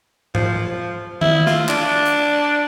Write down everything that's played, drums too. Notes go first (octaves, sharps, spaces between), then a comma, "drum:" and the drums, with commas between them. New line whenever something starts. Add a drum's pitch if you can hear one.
F3, drum: tom G#2
E4, drum: tom D#3
F4, drum: snare
D4, drum: clap
drum: hi-hat